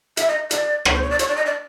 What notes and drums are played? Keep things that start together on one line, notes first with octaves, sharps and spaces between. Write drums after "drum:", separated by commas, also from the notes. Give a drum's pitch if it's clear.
E5, drum: hi-hat
D#5
D5, drum: hi-hat
C#5, drum: rim click
C5
C#5
D5
C#5, drum: hi-hat
D5
D#5
D5